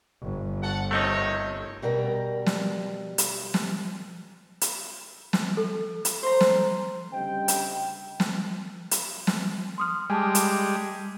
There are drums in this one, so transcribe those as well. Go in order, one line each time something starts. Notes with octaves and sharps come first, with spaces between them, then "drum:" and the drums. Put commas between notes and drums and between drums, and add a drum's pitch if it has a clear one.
G1
A4 F#5
C3 D#3 A3 C4 D#4 C#5
B2 G3 A#4 A#5
drum: snare
drum: hi-hat
drum: snare
drum: hi-hat
drum: snare
A4
drum: hi-hat
C5 A#5
drum: snare
D2 C#3 G3 C4 D#5 G5
drum: hi-hat
drum: snare
drum: hi-hat
drum: snare
C6 D#6 F6
G3 G#3 G#5 A5 D6
drum: hi-hat